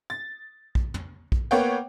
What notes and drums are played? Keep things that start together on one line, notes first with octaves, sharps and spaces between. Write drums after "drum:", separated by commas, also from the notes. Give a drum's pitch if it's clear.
A6
drum: kick
drum: tom
drum: kick
A#3 B3 C#5 F#5 G5